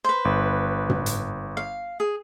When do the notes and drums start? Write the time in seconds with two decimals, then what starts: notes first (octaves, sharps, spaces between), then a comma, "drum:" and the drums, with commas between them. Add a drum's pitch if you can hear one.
0.04 B4 C5
0.25 G1
0.90 drum: tom
1.06 drum: hi-hat
1.57 F5
2.00 G#4